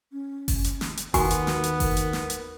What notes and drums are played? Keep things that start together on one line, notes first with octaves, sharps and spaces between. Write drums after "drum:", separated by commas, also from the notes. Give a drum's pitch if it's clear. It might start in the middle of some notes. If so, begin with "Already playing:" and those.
C#4
drum: kick F#1, open hi-hat
drum: hi-hat
drum: snare
drum: hi-hat
D#2 B3 F#4 A#4 G#5 C#6, drum: kick F#1, open hi-hat
drum: hi-hat
drum: snare
drum: hi-hat
drum: kick F#1, open hi-hat
drum: hi-hat
drum: snare
drum: hi-hat